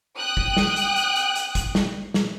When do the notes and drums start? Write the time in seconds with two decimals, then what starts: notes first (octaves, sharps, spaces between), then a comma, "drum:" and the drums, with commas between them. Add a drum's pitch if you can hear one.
0.17 G5 D#6 F#6
0.37 drum: kick
0.57 drum: snare
0.76 drum: hi-hat
0.96 drum: hi-hat
1.16 drum: hi-hat
1.36 drum: hi-hat
1.55 drum: kick, hi-hat
1.75 drum: snare
2.14 drum: snare